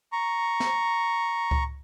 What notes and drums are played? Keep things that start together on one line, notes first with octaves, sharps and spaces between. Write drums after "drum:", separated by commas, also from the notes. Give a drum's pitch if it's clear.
A#5 C#6
drum: snare
drum: kick C#2